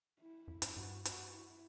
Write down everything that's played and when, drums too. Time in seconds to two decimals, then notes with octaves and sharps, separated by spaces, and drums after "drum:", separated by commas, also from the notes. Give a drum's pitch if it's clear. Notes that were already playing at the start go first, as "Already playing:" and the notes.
0.19 E4
0.48 F#2
0.62 G2, drum: hi-hat
0.76 G2 F#4
1.05 F#4, drum: hi-hat
1.34 E4